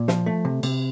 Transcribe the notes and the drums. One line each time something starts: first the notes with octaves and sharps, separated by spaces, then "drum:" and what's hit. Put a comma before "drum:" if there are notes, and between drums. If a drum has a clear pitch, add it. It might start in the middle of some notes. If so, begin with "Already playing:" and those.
Already playing: A#2
F3, drum: snare
A3
C3
C3, drum: cymbal